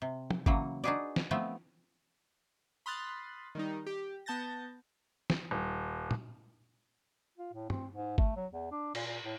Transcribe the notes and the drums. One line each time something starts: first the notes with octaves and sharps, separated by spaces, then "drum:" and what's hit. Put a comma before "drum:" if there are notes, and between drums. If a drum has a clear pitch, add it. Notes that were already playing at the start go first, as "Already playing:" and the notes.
C3
drum: tom
C#3 E3 F#3 A#3, drum: kick G#1
D4 D#4 F#4 G#4 B4 D5
drum: snare
F3 A3 B3 C4
B5 C6 D#6 F6 F#6 A6
D#3 G3 D#4
G4
B3 A5 G6 A6 A#6
drum: snare
D#1
drum: tom A#2
F4
A2
C4, drum: tom
G#2
A3, drum: kick G#1
F#3
E2
D4
A#2, drum: cymbal
A#2
A2